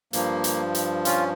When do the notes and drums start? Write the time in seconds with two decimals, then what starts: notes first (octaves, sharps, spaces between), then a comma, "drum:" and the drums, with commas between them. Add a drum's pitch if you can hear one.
0.13 G2 F3 A#3, drum: hi-hat
0.44 drum: hi-hat
0.75 drum: hi-hat
1.05 C#4 F4, drum: hi-hat